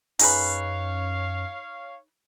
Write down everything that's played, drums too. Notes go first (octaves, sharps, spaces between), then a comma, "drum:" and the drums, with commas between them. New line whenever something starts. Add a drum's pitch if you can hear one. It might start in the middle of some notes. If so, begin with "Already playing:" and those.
F#2 D#4 G#4 B4 C#5 F5, drum: open hi-hat